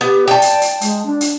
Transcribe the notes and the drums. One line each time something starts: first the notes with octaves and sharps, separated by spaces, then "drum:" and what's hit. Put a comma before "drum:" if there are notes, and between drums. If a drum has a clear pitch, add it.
B3 G4
D5 G5 A5
drum: hi-hat
drum: hi-hat
G#3, drum: hi-hat
D4
drum: hi-hat